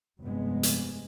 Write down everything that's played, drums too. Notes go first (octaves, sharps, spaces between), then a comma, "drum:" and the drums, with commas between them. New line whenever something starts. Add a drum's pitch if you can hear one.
F1 G2 G#3 B3
drum: hi-hat